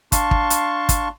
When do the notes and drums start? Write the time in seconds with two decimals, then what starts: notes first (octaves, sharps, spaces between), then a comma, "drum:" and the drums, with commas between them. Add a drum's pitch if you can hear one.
0.12 D4 F5 A5 C6 C#6, drum: kick, hi-hat
0.31 drum: kick
0.50 drum: hi-hat
0.89 drum: kick, hi-hat